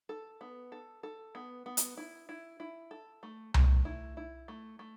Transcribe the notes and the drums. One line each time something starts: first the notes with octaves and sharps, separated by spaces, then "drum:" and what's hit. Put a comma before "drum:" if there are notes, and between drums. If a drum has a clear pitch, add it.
A4
B3
A4
A4
B3
B3
drum: hi-hat
E4
E4
E4
A4
A3
A3, drum: tom C2
E4
E4
A3
A3